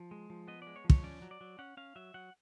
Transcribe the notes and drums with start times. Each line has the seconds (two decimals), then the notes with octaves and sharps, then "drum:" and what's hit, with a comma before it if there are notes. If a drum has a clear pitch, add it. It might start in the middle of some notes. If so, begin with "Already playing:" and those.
Already playing: F3
0.11 G#3
0.30 F3
0.48 B3 D#5
0.62 D5
0.67 G#3
0.76 C#5
0.84 F3
0.90 C#5, drum: kick
1.03 C#4 D5
1.22 F#3
1.31 D5
1.41 F#3
1.59 C#4 F#5
1.77 C#4 F5
1.96 F#3 E5
2.14 F#3 F#5